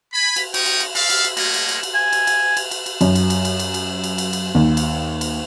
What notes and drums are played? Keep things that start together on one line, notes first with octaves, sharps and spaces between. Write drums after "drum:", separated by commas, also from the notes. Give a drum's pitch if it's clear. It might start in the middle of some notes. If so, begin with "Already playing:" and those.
G#5 B5
drum: cymbal
C#4 D#4 G5 C#6 D#6, drum: cymbal
drum: cymbal
drum: cymbal
D5 E5 F5, drum: cymbal
drum: cymbal
drum: cymbal
G3 A3 A#3 C#5 D#5, drum: cymbal
drum: cymbal
drum: cymbal
drum: cymbal
G#5
drum: cymbal
drum: cymbal
drum: cymbal
drum: cymbal
drum: cymbal
F#2, drum: cymbal
drum: cymbal
drum: cymbal
drum: cymbal
drum: cymbal
drum: cymbal
drum: cymbal
drum: cymbal
drum: cymbal
D#2
drum: cymbal
drum: cymbal